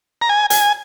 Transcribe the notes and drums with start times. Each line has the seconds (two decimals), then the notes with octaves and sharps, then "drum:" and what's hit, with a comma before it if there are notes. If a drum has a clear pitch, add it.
0.22 A#5
0.29 G#5
0.50 G#5, drum: hi-hat